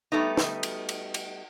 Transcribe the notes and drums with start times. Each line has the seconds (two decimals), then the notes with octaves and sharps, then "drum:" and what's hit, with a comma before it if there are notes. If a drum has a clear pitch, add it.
0.12 G3 A3 B3 D#4
0.37 drum: snare
0.63 drum: cymbal
0.89 drum: cymbal
1.14 drum: cymbal